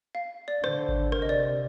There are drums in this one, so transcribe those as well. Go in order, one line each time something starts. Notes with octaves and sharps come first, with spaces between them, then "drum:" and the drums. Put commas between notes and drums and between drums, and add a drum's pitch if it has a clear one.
F5
D5
D3 C5, drum: rim click
drum: kick G#1
C3 A#4, drum: rim click
D#5
D5